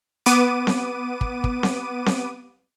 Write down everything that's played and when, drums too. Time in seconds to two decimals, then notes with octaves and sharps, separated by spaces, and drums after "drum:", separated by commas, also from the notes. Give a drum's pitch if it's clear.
0.26 B3 D6 D#7, drum: hi-hat
0.67 drum: snare C4
1.21 drum: kick
1.44 drum: kick
1.63 drum: snare C4
2.06 drum: snare C4